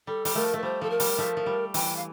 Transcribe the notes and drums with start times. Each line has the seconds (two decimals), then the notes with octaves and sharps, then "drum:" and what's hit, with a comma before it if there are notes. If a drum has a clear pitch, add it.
0.07 G3 A4
0.25 G3, drum: open hi-hat
0.35 F3 A3 A#4
0.54 A3 A#4
0.63 G3 C5
0.81 F3 A4
0.90 A#4
1.00 G3, drum: open hi-hat
1.18 F3 A3
1.37 F3
1.46 G3
1.74 E3 G5, drum: open hi-hat
1.96 F5